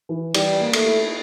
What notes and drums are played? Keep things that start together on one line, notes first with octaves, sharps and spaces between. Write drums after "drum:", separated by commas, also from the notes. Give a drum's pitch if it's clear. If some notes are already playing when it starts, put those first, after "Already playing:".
E3
E3 G3, drum: cymbal
A#3
A3, drum: cymbal
E4